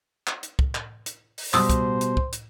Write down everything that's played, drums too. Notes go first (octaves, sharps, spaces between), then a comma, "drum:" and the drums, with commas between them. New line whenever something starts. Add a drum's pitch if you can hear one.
drum: clap
drum: hi-hat
drum: kick
drum: clap
drum: hi-hat
drum: open hi-hat
B2 G3 C5 D#6 E6, drum: clap
drum: kick, hi-hat
drum: hi-hat
drum: kick
drum: hi-hat